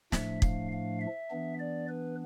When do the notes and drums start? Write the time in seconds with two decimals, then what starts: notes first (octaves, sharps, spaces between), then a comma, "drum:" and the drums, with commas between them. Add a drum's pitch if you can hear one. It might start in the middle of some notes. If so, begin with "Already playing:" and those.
0.12 A2 F3 A3 D4 E5, drum: snare
0.42 F5, drum: kick
0.72 F5
1.01 E5
1.30 E3 B3 D4
1.60 D5
1.89 B4